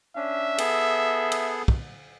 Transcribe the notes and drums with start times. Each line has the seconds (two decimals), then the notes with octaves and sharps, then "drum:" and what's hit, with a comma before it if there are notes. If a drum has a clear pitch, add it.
0.16 C#4 D4 E5
0.58 B3 G#4 A4, drum: cymbal
1.32 drum: cymbal
1.68 drum: kick